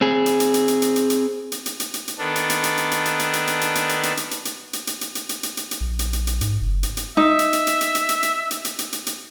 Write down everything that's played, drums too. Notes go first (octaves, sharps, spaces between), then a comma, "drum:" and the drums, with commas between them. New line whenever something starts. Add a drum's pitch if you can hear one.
C4 G#4
drum: hi-hat
drum: hi-hat
drum: hi-hat
drum: hi-hat
drum: hi-hat
drum: hi-hat
drum: hi-hat
drum: hi-hat
drum: hi-hat
drum: hi-hat
drum: hi-hat
drum: hi-hat
D#3 B3 D4 A4
drum: hi-hat
drum: hi-hat
drum: hi-hat
drum: hi-hat
drum: hi-hat
drum: hi-hat
drum: hi-hat
drum: hi-hat
drum: hi-hat
drum: hi-hat
drum: hi-hat
drum: hi-hat
drum: hi-hat
drum: hi-hat
drum: hi-hat
drum: hi-hat
drum: hi-hat
drum: hi-hat
drum: hi-hat
drum: hi-hat
drum: hi-hat
drum: hi-hat
drum: hi-hat
drum: hi-hat
A#1
drum: hi-hat
drum: hi-hat
drum: hi-hat
G#2, drum: hi-hat
F#1
drum: hi-hat
drum: hi-hat
D#4 E5
drum: hi-hat
drum: hi-hat
drum: hi-hat
drum: hi-hat
drum: hi-hat
drum: hi-hat
drum: hi-hat
drum: hi-hat
drum: hi-hat
drum: hi-hat
drum: hi-hat
drum: hi-hat